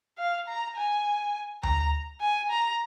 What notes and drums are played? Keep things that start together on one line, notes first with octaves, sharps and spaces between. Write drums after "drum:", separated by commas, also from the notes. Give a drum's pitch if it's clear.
F5
A#5
G#5
A#5, drum: tom D2
G#5
A#5